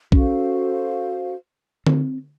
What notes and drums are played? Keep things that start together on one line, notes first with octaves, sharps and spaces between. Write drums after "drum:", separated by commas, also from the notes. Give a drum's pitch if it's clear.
C#4 F#4 A4 C5 F5, drum: kick B1
C4, drum: tom D3